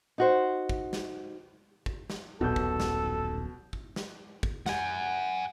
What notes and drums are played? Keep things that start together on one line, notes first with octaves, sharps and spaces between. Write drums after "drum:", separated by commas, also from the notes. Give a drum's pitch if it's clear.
D#4 F#4 C5
drum: kick
drum: snare
drum: kick
drum: snare
D#1 B1 B2 A4 G6
drum: kick
drum: snare
drum: kick
drum: snare
drum: kick
F#5 G#5, drum: snare